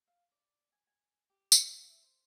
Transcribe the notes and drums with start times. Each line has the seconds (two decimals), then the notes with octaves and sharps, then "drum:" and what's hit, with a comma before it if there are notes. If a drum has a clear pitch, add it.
0.07 F5
0.31 D5
0.72 G#5
0.87 G#5
1.30 G4
1.52 E4, drum: tambourine
1.75 F4
1.89 E5
2.02 C5